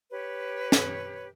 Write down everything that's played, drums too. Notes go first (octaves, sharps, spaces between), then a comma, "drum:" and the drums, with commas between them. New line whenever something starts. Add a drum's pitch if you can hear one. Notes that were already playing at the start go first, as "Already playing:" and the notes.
G4 B4 C#5
drum: snare